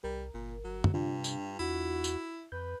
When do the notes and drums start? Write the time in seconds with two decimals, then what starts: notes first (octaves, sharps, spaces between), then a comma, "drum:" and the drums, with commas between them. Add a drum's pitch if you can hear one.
0.04 C2 G3 A#4
0.34 G1 A#2
0.64 G1 F#3
0.84 drum: tom
0.94 G2 C3 D4 F4
1.24 drum: tambourine
1.59 E2 E4 F#4
2.04 drum: tambourine
2.52 F2 B4 G6